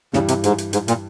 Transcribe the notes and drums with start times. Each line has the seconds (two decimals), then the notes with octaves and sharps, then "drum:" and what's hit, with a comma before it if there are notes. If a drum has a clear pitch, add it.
0.14 G2 C#3 E3 G3, drum: snare
0.28 C3, drum: hi-hat
0.44 G#2, drum: hi-hat
0.58 drum: hi-hat
0.73 G#2, drum: hi-hat
0.88 A#2, drum: hi-hat